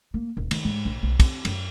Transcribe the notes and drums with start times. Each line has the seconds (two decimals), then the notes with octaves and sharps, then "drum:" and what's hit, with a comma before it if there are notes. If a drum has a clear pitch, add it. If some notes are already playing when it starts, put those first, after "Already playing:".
0.14 A#3
0.37 D#1
0.51 D#3, drum: cymbal
0.65 G#2
0.85 A#1
1.03 B1
1.20 C4, drum: kick, cymbal
1.45 F#2, drum: cymbal